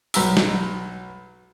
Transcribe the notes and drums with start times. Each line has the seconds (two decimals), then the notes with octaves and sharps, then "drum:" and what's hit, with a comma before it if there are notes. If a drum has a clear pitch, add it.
0.14 B1 A#5 E6, drum: open hi-hat
0.37 drum: snare